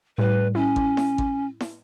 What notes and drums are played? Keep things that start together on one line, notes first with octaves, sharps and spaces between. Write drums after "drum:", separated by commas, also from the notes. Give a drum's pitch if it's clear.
A2 G3 B4
C#4 E4
drum: kick G#1
drum: snare E4
drum: kick G#1
drum: snare E4